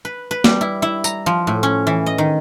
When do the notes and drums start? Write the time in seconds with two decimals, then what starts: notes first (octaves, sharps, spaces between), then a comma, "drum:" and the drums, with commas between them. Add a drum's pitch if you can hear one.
0.05 B4
0.31 B4
0.44 G3, drum: snare
0.61 E4
0.82 E4
1.04 A#5, drum: tambourine
1.26 F3
1.47 A2
1.63 C#4
1.87 E3
2.06 D#5
2.18 D#3